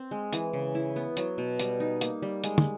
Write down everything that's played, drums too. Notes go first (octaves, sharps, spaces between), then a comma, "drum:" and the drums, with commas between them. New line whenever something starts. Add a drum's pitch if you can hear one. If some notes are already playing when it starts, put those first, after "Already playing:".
Already playing: C4
G#3
E3, drum: hi-hat
C#3
E4
B3
F#3, drum: hi-hat
B2
G3, drum: hi-hat
D#4
A#3, drum: hi-hat
G3
G#3, drum: hi-hat
drum: tom